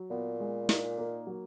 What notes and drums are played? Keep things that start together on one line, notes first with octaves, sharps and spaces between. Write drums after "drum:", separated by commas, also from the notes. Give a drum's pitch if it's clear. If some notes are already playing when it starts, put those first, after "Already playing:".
Already playing: F#3
A#2 B3
G#3
D#4, drum: snare
A#3
F#3